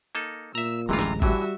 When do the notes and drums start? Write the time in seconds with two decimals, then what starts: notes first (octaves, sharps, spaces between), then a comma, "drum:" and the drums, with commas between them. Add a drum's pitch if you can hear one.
0.15 A#3 D#4 A4
0.55 A#2 E5 A#5 E6
0.89 D1 A1 C3 E3 G#3 F4 A#5
0.99 drum: snare
1.22 A2 E3 G3 F#4 E5, drum: kick G#1